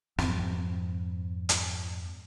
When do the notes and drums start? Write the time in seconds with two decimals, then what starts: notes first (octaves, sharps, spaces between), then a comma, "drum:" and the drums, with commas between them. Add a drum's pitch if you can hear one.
0.18 F2 G#2 F3 C4, drum: snare
1.49 drum: hi-hat